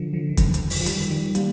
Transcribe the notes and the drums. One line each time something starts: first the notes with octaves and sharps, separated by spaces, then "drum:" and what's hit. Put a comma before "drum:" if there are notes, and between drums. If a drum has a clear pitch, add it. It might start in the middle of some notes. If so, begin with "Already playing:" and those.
Already playing: D3 F3
D3 F3
D#3
D3 F3, drum: kick F2, hi-hat
drum: hi-hat
drum: open hi-hat
F3
D#3 G3, drum: hi-hat
D#3 G3
G3 A#3, drum: hi-hat